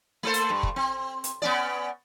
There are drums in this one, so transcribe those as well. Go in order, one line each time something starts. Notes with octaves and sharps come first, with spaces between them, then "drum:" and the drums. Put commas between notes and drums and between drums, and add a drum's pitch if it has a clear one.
A3 A4 C5
drum: hi-hat
G2
drum: kick
C4
drum: hi-hat
B3 C#4 D5